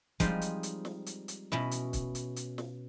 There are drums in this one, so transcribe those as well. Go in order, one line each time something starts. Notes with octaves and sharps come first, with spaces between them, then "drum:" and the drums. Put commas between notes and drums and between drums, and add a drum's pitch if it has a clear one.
F3 G3 G#3 C4 D#4 C5, drum: kick, hi-hat
drum: hi-hat
drum: hi-hat
drum: snare
drum: hi-hat
drum: hi-hat
B2 C#4 E4, drum: snare
drum: hi-hat
drum: kick, hi-hat
drum: hi-hat
drum: hi-hat
drum: snare